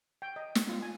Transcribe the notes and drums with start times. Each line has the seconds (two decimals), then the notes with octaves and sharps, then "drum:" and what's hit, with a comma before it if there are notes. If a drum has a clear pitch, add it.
0.22 G5
0.36 D#5
0.55 drum: snare
0.69 F4
0.82 G#5